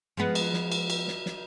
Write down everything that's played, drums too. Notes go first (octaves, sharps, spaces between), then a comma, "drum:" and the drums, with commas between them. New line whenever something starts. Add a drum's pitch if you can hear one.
F3 G#3 B3
drum: cymbal
drum: snare
drum: cymbal
drum: cymbal
drum: snare
drum: snare